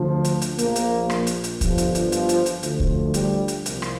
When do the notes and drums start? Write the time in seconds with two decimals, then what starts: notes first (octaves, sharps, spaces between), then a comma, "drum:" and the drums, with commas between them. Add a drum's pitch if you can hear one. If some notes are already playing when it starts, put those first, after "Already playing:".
Already playing: D2 D3 F3
0.24 drum: hi-hat
0.41 drum: hi-hat
0.58 A#1 A#2 F3 A#3, drum: hi-hat
0.76 drum: hi-hat
1.10 drum: rim click
1.27 drum: hi-hat
1.44 drum: hi-hat
1.61 G1 G2 F3, drum: kick, hi-hat
1.78 drum: hi-hat
1.95 drum: hi-hat
2.12 F3, drum: hi-hat
2.29 drum: hi-hat
2.46 drum: hi-hat
2.63 D2 D3 F3, drum: hi-hat
2.80 drum: kick
3.14 G3, drum: hi-hat
3.48 drum: hi-hat
3.66 C2 A#2 F3, drum: hi-hat
3.82 drum: rim click